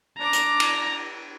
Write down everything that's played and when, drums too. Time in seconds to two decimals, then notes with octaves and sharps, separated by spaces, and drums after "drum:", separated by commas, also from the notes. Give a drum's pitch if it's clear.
0.19 D4 D5 A#5 D6
0.33 drum: hi-hat
0.60 drum: cymbal